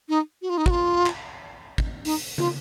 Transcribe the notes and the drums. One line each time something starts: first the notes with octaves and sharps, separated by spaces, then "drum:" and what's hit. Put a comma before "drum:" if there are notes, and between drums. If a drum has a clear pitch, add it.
D#4
F#4
F4
D#4
F#4, drum: kick
F4
drum: clap
drum: kick
D#4, drum: open hi-hat
F4, drum: tom